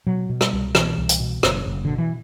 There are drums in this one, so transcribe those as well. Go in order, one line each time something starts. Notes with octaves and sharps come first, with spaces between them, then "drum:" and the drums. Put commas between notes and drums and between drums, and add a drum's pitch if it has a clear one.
B2 F#3
B2
G3, drum: rim click
C2
B2 E3, drum: rim click
C2
drum: hi-hat
B2
F#1, drum: rim click
F#1
B2 D3
E3